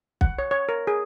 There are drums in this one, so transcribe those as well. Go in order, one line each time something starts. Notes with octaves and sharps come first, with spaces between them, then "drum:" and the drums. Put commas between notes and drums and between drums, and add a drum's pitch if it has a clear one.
F#5, drum: kick
C#5
C#5
A#4
G#4